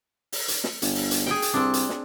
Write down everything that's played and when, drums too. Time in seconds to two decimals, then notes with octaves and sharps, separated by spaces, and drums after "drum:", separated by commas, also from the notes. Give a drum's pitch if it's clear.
0.32 drum: open hi-hat
0.48 drum: hi-hat
0.64 drum: snare
0.82 G1, drum: hi-hat
0.95 drum: open hi-hat
1.11 drum: hi-hat
1.27 G#4 G5, drum: snare
1.42 drum: hi-hat
1.53 C2 C4 D4
1.74 drum: hi-hat
1.89 drum: snare